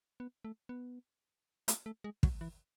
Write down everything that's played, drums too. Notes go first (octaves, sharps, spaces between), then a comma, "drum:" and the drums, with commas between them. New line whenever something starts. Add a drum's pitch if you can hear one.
B3
A3
B3
A3, drum: hi-hat
A3
G#3
F#3, drum: kick
E3